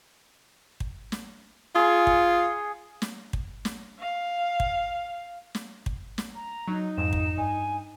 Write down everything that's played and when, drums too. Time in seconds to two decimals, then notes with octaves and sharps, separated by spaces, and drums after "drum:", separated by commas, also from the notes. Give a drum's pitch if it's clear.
0.80 drum: kick
1.12 drum: snare
1.75 F4 G#4 C#6
2.07 drum: kick
3.02 drum: snare
3.33 drum: kick
3.65 drum: snare
3.99 F5
4.60 drum: kick
5.55 drum: snare
5.86 drum: kick
6.18 drum: snare
6.35 A#5
6.68 F#3 D#4
6.97 F2 G#2 E7
7.13 drum: kick
7.37 G2 G#5